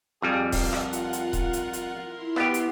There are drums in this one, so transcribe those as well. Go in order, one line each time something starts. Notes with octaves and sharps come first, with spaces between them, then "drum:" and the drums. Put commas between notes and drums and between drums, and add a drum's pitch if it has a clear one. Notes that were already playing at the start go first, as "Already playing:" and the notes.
F2 G3 G#4
F4 A#4 F#5, drum: kick D#1, open hi-hat
drum: rim click
drum: hi-hat
drum: hi-hat
drum: kick D#1, hi-hat
drum: hi-hat
drum: hi-hat
E4 C6
B3 G4, drum: rim click
drum: hi-hat